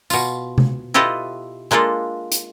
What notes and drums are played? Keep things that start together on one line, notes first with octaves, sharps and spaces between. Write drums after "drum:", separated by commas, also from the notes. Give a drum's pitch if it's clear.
B2 F4, drum: tambourine
drum: tom C3
E4 F4 G4 A4 B4 D#5
G#3 A#3 D4 F4 A4
drum: hi-hat